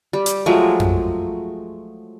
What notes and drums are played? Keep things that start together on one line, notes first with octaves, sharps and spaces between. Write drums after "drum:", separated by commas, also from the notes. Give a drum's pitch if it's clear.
G3
drum: hi-hat
F3 F#3 G#3 A3
drum: tom F2